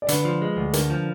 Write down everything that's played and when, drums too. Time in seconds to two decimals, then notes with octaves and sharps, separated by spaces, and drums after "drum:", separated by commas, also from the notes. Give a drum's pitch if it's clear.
0.02 D5
0.08 D3 B4, drum: hi-hat
0.25 F3
0.42 G#3
0.57 D2
0.73 D3 A#4, drum: hi-hat
0.90 F3